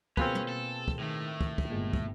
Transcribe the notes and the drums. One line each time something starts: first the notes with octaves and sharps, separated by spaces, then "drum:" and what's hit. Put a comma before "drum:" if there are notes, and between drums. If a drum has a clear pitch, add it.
B2 A#3 C4 C#4 F4 G#4 B4, drum: kick
drum: tom
A4
drum: kick
A2 D#3 A3
drum: kick
drum: kick
G1 A#2 G#3
drum: kick